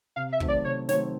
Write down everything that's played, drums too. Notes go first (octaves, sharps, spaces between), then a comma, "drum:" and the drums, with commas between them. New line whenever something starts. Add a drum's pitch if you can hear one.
C3 F5
E5
D#3 F#3 A3 C4, drum: kick
D5
C3 C#5
D#3 F#3 A3 C4 C#5, drum: snare